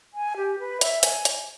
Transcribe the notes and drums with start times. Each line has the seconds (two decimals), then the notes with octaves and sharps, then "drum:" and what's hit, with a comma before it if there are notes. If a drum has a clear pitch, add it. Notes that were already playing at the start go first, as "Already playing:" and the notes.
0.14 G#5
0.37 G4
0.59 B4
0.81 E5, drum: hi-hat
1.03 G#5, drum: hi-hat
1.25 drum: hi-hat